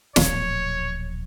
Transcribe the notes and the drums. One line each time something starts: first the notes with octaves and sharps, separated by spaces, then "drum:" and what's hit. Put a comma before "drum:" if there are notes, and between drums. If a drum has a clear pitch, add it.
D1 A#1 C#5, drum: snare